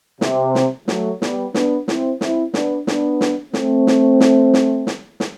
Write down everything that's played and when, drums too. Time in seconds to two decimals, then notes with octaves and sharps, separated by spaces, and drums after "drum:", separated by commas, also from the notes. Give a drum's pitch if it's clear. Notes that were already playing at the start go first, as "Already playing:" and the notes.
0.21 C3, drum: snare
0.55 drum: snare
0.88 F#3 A3, drum: snare
1.22 G3 B3, drum: snare
1.54 B3 D4, drum: snare
1.88 C4 E4, drum: snare
2.21 C4 E4, drum: snare
2.54 B3 D4, drum: snare
2.87 B3 D4, drum: snare
3.21 drum: snare
3.53 A3 C4, drum: snare
3.87 drum: snare
4.20 drum: snare
4.54 drum: snare
4.87 drum: snare
5.20 drum: snare